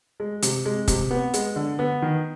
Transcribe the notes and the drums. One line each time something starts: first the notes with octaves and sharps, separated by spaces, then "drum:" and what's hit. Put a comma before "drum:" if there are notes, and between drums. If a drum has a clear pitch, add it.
G#3
C3, drum: hi-hat
G#3
C3, drum: kick, hi-hat
B3
G#3, drum: hi-hat
D3
B3
D#3